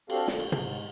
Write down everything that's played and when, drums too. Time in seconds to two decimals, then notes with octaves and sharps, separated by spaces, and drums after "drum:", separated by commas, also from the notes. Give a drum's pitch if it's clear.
0.10 C4 D4 F#4 G4 A4 F5, drum: cymbal
0.28 F2 A#2 D3, drum: snare
0.40 drum: cymbal
0.52 G#2, drum: tom